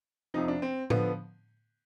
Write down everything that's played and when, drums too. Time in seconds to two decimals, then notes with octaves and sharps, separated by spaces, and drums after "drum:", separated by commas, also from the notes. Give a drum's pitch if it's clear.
0.34 F2 C3 F3 D#4
0.48 D4
0.62 C4
0.90 D3 F3 B3, drum: tom A2